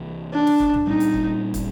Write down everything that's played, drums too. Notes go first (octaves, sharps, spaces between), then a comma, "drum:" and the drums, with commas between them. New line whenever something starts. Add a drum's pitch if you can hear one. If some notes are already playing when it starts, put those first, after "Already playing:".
Already playing: C2 C3 E3
D4
drum: snare
drum: kick
drum: tom C2
A#2 G3 C4 D#4
drum: hi-hat
drum: kick
drum: kick, hi-hat